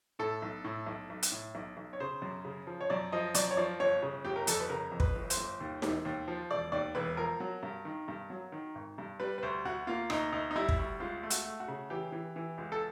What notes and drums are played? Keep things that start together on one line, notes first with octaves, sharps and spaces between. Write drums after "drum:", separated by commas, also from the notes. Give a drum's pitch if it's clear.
A2 A4
B1
A2
B1
B1
drum: hi-hat
A2
B1
B1
C#5
C#3 C5
F#2
C#3
F3
C#5
F#2 D5
F3 D#5
F#2 D5, drum: hi-hat
C#5
F3 D5
G1 C#5
C#3
G1 G4
A#4
F2 A4, drum: hi-hat
B4
C#3 A#4
F2
B4, drum: kick
G1
C5, drum: hi-hat
G1
D#2
E1, drum: snare D#4
D#2
F3
E1 D5
D#2 D5
E1 B4
F3 A#4
F#3
G2
D#3
G2
F#3
D#3
G#1
G2
G3 B4
B4
D2 C5
D2 F#4
A#3 F4
D2 D#4, drum: rim click
D2 D#4
D#4
G3 E4
drum: kick
D2
C#2 F4
A3
F#4, drum: hi-hat
A3
F#4
C#3
E3 G4
E3
E3
C#2
A4